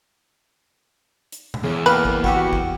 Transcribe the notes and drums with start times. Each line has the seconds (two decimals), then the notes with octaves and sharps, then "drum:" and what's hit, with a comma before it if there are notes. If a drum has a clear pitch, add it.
1.32 drum: hi-hat
1.54 drum: tom B2
1.64 E2 C#3 E3
1.86 A#3 B4 F5 G5
2.05 drum: kick
2.24 F#4 G4 E5 G5, drum: kick
2.53 drum: kick